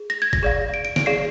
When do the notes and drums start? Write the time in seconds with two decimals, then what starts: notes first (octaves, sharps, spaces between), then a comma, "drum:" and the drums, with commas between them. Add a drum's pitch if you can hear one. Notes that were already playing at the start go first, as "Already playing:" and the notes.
Already playing: G#4
0.10 A#6
0.22 G#6
0.33 A#6, drum: kick F#1
0.43 G#4 D5 F5
0.74 D7
0.85 D7
0.96 D7, drum: snare
1.06 G#4 D5 F5 C7